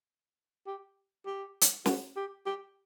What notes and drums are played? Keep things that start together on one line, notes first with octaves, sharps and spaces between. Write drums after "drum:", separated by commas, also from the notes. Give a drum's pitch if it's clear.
G4
G4
drum: hi-hat
F#4, drum: snare
G4
G4